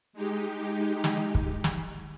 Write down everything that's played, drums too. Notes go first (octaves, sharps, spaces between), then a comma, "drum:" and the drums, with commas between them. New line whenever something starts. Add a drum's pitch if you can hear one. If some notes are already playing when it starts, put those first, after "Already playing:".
G#3 D#4 G4
drum: snare
drum: kick
drum: snare